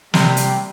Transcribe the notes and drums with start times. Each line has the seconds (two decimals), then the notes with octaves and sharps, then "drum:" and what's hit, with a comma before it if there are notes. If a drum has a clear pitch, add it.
0.14 C3 G3, drum: snare
0.37 drum: hi-hat